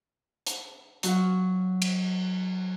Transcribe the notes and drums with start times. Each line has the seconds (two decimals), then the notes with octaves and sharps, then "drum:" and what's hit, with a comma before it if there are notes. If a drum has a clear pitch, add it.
0.47 drum: hi-hat
1.03 F#3 F#4 F5, drum: hi-hat
1.82 drum: cymbal